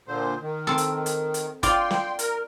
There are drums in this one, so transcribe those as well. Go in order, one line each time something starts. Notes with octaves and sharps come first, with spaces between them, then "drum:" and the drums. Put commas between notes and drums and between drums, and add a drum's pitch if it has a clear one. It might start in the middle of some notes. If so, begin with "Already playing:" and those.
A#2 D3 C5
D#3
C4 A4
drum: hi-hat
drum: hi-hat
drum: hi-hat
F4 D5 G5 C6, drum: kick F#1, hi-hat
drum: snare
A#4, drum: hi-hat